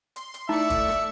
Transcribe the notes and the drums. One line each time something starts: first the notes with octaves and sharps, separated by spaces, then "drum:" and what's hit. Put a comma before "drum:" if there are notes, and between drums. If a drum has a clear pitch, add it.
C6, drum: hi-hat
drum: hi-hat
A3 D#4 E4 D5 E5 A5 C#7
drum: kick, hi-hat
drum: rim click